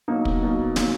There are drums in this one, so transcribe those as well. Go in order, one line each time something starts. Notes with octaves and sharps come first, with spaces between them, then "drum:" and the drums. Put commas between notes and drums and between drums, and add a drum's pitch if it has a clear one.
B2 F#3 A#3 D#4
drum: kick
B2 F#3 A#3 D#4
D#3 F#3 A#3, drum: snare